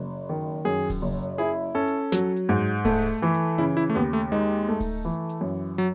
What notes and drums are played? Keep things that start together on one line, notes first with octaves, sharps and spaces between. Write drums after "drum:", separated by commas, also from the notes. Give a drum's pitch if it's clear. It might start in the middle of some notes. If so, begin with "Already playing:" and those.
Already playing: F#1
D#3
F#2 G#4
drum: kick D1, open hi-hat
F#1
E4 G#4, drum: hi-hat
C#4 A4
drum: hi-hat
F#3, drum: snare
drum: hi-hat
G#2
A3, drum: kick D1, open hi-hat
E3
drum: hi-hat
C#3 E4
E4
A3
D#2 B3
A3
G#3 D#4, drum: hi-hat
A3
drum: kick D1, open hi-hat
E3
drum: hi-hat
F#2
F#3, drum: hi-hat